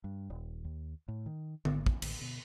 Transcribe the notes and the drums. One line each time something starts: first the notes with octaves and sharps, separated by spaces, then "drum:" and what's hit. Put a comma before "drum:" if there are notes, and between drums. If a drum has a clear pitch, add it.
G2
D#1
D#2
A2
D#3
G#1, drum: tom D3
drum: kick
A1, drum: cymbal
B2